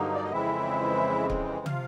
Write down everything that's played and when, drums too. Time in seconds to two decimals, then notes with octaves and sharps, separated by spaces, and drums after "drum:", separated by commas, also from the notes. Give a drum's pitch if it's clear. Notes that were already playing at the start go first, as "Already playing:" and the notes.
Already playing: G2 D3 F#3 A#3 D#4
0.15 D5
0.24 D#5
0.32 F2 C#3 E3 G#3 C4 E4 E5
1.30 drum: kick C#1
1.66 C3 F3 F4 F5, drum: tom